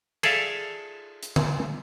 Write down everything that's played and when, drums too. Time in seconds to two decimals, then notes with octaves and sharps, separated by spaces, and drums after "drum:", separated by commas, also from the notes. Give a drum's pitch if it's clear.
0.23 G#4 A4 D5 E5 F5, drum: cymbal
1.23 drum: hi-hat
1.36 drum: tom D3